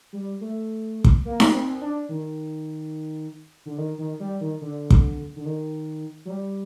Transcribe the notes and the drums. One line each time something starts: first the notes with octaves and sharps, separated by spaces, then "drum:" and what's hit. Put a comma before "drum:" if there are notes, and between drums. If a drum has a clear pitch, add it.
G3
A3
drum: kick
A#3
drum: snare D#4
C4
D4
D#3
D3
D#3
D#3
G3
D#3
D3
drum: kick
D3
D#3
F#3
G3